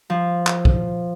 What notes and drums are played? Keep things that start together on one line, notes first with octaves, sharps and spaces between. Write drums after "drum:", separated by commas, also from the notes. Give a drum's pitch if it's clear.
F3
drum: clap
drum: kick